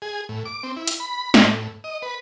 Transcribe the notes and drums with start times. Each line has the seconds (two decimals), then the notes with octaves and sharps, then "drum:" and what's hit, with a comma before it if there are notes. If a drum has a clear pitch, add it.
0.02 G#4
0.29 A2
0.45 D6
0.63 C4
0.77 E4
0.87 drum: hi-hat
1.00 B5
1.34 A2, drum: snare
1.84 D#5
2.02 B4